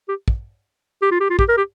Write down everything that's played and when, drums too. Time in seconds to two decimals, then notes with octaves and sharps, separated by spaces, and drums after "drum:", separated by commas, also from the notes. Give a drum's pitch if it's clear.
0.08 G4
0.28 drum: kick
1.02 G4
1.11 F4
1.20 G4
1.30 F4
1.39 G4, drum: kick
1.49 A#4
1.57 G4